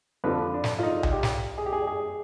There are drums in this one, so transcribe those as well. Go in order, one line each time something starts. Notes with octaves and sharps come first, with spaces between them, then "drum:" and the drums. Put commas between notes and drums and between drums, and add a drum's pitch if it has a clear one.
F2 D3 F3 B4
D4
drum: snare
F4
D#4
drum: tom C2
G4
drum: snare
G#4
G4
G#4
G#4